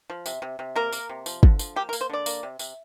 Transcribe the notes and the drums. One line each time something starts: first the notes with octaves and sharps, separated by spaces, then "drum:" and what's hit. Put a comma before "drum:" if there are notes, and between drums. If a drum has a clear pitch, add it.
F3
C3, drum: tambourine
C3
C3
A#3 A#4
A#3, drum: tambourine
C3
F3, drum: tambourine
D3, drum: kick
F3, drum: tambourine
A#3 G4
A#4
A#3, drum: tambourine
C5
D3 D5
A#3, drum: tambourine
C3
C3, drum: tambourine